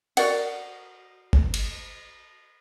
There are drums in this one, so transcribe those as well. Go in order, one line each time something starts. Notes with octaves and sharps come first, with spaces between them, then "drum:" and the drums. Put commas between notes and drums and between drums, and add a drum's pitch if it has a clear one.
F#4 A#4 D5 F#5, drum: cymbal
drum: kick G1
drum: cymbal